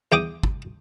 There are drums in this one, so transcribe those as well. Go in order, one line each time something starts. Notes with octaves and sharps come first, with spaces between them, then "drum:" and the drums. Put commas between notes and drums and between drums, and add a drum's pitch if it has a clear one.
E2 G5 D6 D#6
drum: kick